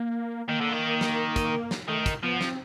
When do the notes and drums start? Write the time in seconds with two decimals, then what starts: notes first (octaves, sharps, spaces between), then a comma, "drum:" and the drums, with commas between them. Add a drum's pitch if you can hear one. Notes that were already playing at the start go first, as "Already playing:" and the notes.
Already playing: A#3
0.48 D#3 A#3
0.61 D3
0.72 D#3
1.01 drum: snare
1.36 drum: kick, hi-hat
1.71 drum: snare
1.88 D#3 A3
2.06 drum: kick, hi-hat
2.23 F3 B3
2.41 C4, drum: snare